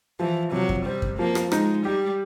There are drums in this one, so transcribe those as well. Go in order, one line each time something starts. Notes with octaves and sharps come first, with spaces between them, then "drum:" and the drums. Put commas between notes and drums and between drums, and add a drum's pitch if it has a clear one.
E3 F3
C3 F#3
drum: kick F#2
G3 C4
drum: kick F#2
F3 A#3
drum: rim click
G#3 D#4, drum: rim click
G3 G4